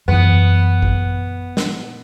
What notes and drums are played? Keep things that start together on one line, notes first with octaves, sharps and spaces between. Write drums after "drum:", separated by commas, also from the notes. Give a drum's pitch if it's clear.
F#2 E3 B3
drum: kick G#1
drum: snare